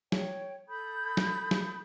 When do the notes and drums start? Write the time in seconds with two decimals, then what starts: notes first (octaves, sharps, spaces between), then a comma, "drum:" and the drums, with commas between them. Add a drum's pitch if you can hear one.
0.12 C#5 G5, drum: snare
0.68 A4 B5 D#6 G6
1.17 drum: snare
1.51 drum: snare